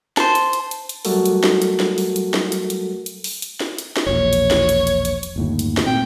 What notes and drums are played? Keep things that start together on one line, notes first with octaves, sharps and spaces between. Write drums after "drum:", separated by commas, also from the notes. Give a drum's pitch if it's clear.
C5 A5, drum: snare
drum: hi-hat
drum: hi-hat
drum: hi-hat
drum: hi-hat
F#3 G3 A3 F#4 A4 A#4, drum: open hi-hat
drum: hi-hat
drum: snare
drum: hi-hat
drum: snare
drum: open hi-hat
drum: hi-hat
drum: snare
drum: hi-hat
drum: hi-hat
drum: hi-hat
drum: open hi-hat
drum: hi-hat
drum: snare
drum: hi-hat
drum: snare
E1 A#1 C#5
drum: hi-hat
drum: snare
drum: hi-hat
drum: hi-hat
drum: hi-hat
drum: hi-hat
G1 D#2 A2
drum: hi-hat
drum: snare
A#2 A3 C4 G5